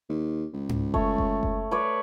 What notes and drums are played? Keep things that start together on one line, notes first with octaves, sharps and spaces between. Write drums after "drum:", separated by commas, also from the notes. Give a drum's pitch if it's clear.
D#2
C#2
drum: tom G#2
A3 C#5, drum: kick F#1
drum: kick F#1
drum: kick F#1
B4 C#5 D5